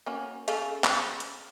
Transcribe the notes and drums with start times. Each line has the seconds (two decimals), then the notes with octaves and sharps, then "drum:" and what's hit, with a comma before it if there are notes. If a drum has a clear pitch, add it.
0.06 A#3 C#4 F#4
0.48 C#3 A4 F5, drum: hi-hat
0.84 drum: clap
1.20 drum: hi-hat